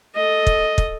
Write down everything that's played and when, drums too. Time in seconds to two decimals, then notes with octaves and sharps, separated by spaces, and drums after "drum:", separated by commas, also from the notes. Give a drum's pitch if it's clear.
0.15 A4 D#5
0.47 drum: kick
0.78 drum: kick